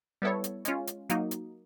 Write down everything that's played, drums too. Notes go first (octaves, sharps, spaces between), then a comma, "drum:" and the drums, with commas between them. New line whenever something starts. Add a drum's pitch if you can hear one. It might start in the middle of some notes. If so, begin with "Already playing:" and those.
G3 B3 E4 A4 C#5
drum: hi-hat
G#3 C#4 F4, drum: hi-hat
drum: hi-hat
F#3 A#3 D#4, drum: hi-hat
drum: hi-hat